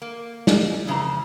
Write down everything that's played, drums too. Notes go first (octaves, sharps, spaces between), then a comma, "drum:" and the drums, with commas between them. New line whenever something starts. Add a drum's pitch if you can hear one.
A#3
drum: snare
F2 C#3 E3 A5 A#5